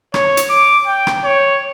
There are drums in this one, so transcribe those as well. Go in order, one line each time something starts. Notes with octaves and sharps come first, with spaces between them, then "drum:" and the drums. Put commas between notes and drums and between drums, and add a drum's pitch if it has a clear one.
C#5, drum: rim click
drum: hi-hat
D6
G5
drum: rim click
C#5